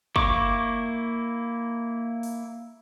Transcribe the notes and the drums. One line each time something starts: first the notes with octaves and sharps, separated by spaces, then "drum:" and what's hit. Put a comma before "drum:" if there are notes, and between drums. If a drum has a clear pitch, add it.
A#3 E4 C#6 D6, drum: kick
drum: open hi-hat